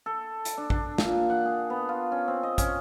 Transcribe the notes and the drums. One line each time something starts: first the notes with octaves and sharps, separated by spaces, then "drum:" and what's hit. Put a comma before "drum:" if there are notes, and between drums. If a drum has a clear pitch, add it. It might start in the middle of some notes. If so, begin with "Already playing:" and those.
A4
drum: hi-hat
D4
D4, drum: kick
A#2, drum: snare
F#5
G#4
B3
F4
C#4
C4
D#5
C#4, drum: kick, hi-hat